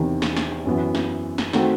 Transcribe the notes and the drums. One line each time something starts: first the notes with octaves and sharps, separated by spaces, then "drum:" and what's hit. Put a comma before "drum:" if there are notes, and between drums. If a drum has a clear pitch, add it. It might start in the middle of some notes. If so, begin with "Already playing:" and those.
Already playing: E2 C3 D#3
drum: snare
drum: snare
F#2 E3 B3
drum: snare
drum: snare
D#3 A3 C4 F#4, drum: snare